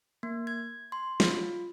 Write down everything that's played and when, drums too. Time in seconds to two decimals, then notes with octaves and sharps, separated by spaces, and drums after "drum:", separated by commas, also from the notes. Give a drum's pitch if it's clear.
0.23 A#3
0.47 G#6
0.92 C6
1.20 F4, drum: snare